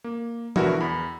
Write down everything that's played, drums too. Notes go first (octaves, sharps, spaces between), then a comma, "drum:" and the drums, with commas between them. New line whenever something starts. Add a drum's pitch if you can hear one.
A#3
B2 D3 E4 F#4 A#4 B4, drum: tom E3
E2 B5